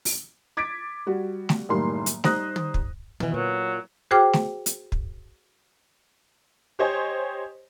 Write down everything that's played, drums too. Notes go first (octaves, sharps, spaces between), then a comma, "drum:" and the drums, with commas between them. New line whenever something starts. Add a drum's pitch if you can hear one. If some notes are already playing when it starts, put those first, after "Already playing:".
drum: open hi-hat
D6 G#6 A6 B6 D7
G3 F#4
drum: snare A3
F#1 A2 D#3 G3 A#3 C6
drum: hi-hat
G3 D#4 C5 D#6 F#6 A#6, drum: snare A3
drum: tom
drum: kick
B2 E3, drum: tom
A#2 F#3
F#4 G#4 C5 G5 D6 F6
drum: snare A3
drum: hi-hat
drum: kick
G4 C5 C#5 D#5 G#5